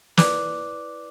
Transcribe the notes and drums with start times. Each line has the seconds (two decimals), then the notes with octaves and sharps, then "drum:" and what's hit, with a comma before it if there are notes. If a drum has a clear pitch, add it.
0.17 E4 B4 D5 D6 F#6, drum: snare